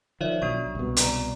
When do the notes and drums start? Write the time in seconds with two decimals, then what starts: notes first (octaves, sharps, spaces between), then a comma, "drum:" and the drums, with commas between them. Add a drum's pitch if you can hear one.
0.21 D#3 F3 C#5 D5 E5
0.42 B1 D4 F#4 C#6
0.75 C2 B2
0.97 D5 A#5, drum: hi-hat